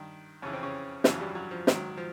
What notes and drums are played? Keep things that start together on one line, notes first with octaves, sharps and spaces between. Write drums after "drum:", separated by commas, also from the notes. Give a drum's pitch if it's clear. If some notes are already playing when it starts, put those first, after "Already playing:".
Already playing: G2 D#3
F2 C#3 E3 C#4
C4
C#3 C#4
F2 C#3 E3, drum: snare
F#3
G2 G3
F#3
F3
G#2 D#3 F#3, drum: snare
F3